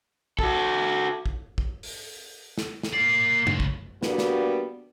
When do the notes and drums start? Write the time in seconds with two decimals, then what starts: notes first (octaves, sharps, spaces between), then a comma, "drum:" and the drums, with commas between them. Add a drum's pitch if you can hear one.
0.39 F#4 A4, drum: kick
1.26 drum: kick
1.58 drum: kick
1.83 drum: open hi-hat
2.58 drum: snare
2.83 drum: snare
2.93 A#3 D5 C7
3.47 C#3 G#3, drum: tom F#2
3.60 drum: kick
4.03 G3 A#3 B3 D4 F#4, drum: snare
4.18 drum: snare